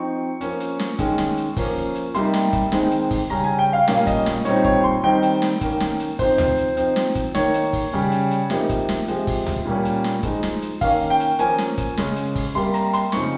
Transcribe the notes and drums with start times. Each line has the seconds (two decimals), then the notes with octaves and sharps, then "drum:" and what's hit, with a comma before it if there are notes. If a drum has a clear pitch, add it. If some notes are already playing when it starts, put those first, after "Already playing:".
Already playing: F3 C4 D#4 C#6
0.41 F3 A#3 C#4, drum: hi-hat
0.60 drum: hi-hat
0.79 drum: snare
0.99 D#3 G#3 C#4, drum: kick, hi-hat
1.18 drum: snare
1.37 drum: hi-hat
1.57 F3 A#3 C#4, drum: kick, open hi-hat
1.95 drum: hi-hat
2.14 C3 G3 A#3 D#4 C6, drum: hi-hat
2.34 drum: snare
2.53 drum: kick, hi-hat
2.72 D#3 G#3 C4 D#4, drum: snare
2.91 drum: hi-hat
3.11 drum: kick, open hi-hat
3.30 C#3 G3 C#4 A#5
3.44 G#5
3.59 G5
3.73 F5
3.88 A#2 G3 A#3 C#4 F5, drum: snare
4.07 D#5, drum: kick, hi-hat
4.26 drum: snare
4.45 A#2 G3 C4 D#4 C#5, drum: hi-hat
4.65 C#5, drum: kick
4.84 C6
5.04 D#3 G3 C4 D#4 G5
5.23 drum: hi-hat
5.42 drum: snare
5.61 D#3 A#3 C#4, drum: kick, hi-hat
5.80 drum: snare
6.00 drum: hi-hat
6.19 F3 C4 D#4 C5, drum: kick, open hi-hat
6.38 drum: tom C#2
6.57 drum: hi-hat
6.77 F3 C4 D#4, drum: hi-hat
6.96 drum: snare
7.15 drum: kick, hi-hat
7.35 D#3 A#3 D#4 C#5, drum: snare
7.54 drum: hi-hat
7.73 drum: kick, open hi-hat
7.92 C#3 G3 C#4
8.12 drum: hi-hat
8.31 drum: hi-hat
8.50 C3 F3 A#3 D#4, drum: snare
8.69 drum: kick, hi-hat
8.89 drum: snare
9.08 C3 F3 G#3, drum: hi-hat
9.27 drum: kick, open hi-hat
9.46 drum: tom C#2
9.65 A#2 G3 A#3 C#4
9.85 drum: hi-hat
10.04 drum: snare
10.23 F3 G#3 D#4, drum: kick, hi-hat
10.43 drum: snare
10.62 drum: hi-hat
10.81 D#3 A#3 C#4 F5, drum: kick, open hi-hat
11.10 G5
11.20 drum: hi-hat
11.39 F3 A#3 C#4 G#5, drum: hi-hat
11.58 drum: snare
11.78 drum: kick, hi-hat
11.97 C#3 G#3 C#4, drum: snare
12.16 drum: hi-hat
12.35 drum: kick, open hi-hat
12.55 C3 G3 A#3 C6
12.74 A#5, drum: hi-hat
12.93 C6, drum: hi-hat
13.12 C#3 F3 C4 D#4 C#6, drum: snare